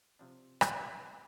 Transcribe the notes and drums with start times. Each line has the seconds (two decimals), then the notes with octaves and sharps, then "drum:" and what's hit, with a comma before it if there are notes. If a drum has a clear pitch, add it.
0.19 C3 F3 C4 D4
0.61 drum: rim click